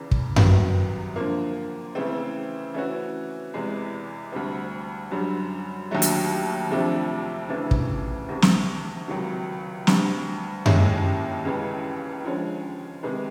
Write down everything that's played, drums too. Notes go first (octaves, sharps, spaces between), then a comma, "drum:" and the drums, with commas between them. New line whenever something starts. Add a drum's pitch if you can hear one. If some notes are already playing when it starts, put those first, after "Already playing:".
Already playing: E2 C#3 E3
drum: kick
C2 C3 D#3 F#3 B3, drum: tom F#2
D3 F3 A#3
C#3 E3 A3 C4
E3 A3 C#4 F#4
E2 C3 E3 G#3
D2 D3 G3 C4
F#2 D3 G3
D#2 D3 F#3 A3
drum: hi-hat
F2 C3 F3 A3 D4
D2 C#3 E3 A3 D4
drum: kick
D2 C3 D#3
drum: snare
C#2 C3 D#3 F#3
D2 D3 G3, drum: snare
D#2 D#3 G#3 C#4 E4, drum: tom F#2
C#2 C#3 E3 G#3
D3 F3 G#3 C#4
C3 D#3 G#3 B3